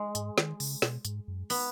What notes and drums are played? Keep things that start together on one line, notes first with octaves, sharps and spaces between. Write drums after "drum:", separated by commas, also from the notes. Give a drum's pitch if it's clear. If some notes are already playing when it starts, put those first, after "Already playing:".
Already playing: G#3
G#2, drum: hi-hat
D#3, drum: snare
C#3, drum: open hi-hat
B2, drum: snare
G#2, drum: hi-hat
F#2
B3, drum: open hi-hat